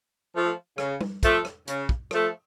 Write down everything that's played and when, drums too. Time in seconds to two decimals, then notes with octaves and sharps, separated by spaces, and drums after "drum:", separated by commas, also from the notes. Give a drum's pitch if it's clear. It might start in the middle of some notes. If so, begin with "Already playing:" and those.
0.34 F3 A3
0.78 C#3, drum: rim click
1.01 drum: tom
1.23 F3 A3, drum: kick, hi-hat
1.45 drum: rim click
1.68 C#3, drum: hi-hat
1.89 drum: kick
2.11 F3 A3, drum: rim click